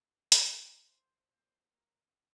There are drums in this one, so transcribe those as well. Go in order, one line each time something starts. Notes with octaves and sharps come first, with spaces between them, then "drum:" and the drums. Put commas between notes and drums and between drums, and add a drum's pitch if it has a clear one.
drum: hi-hat
C5
C5
A#2 F3 C5
A#4